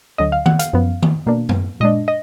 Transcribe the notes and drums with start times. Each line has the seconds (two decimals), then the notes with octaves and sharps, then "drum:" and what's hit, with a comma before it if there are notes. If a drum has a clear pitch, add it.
0.18 D2 D3 F#3 D#5
0.32 F5
0.46 F#5, drum: tom D#3
0.59 F5, drum: hi-hat
0.73 F#2 F3 B3
1.02 drum: tom D#3
1.26 B2 A#3 D4
1.49 drum: tom F#2
1.80 A#2 G#3 D4 D#5
2.08 D#5